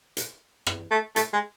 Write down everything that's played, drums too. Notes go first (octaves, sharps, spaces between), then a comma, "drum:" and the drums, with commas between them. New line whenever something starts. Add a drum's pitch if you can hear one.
drum: hi-hat
drum: rim click
A3
A3, drum: hi-hat
G#3